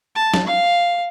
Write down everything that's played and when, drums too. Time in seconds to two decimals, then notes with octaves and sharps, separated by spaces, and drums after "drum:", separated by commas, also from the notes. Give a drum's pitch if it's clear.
0.15 A5
0.34 drum: snare
0.47 F5